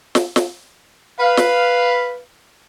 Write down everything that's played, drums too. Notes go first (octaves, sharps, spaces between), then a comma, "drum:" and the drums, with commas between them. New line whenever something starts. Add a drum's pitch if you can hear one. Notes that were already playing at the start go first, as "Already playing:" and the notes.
drum: snare
drum: snare
B4 F5
drum: snare